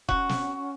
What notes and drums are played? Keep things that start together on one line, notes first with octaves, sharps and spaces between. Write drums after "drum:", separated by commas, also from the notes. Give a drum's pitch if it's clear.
C#4 F#4, drum: kick F1
drum: snare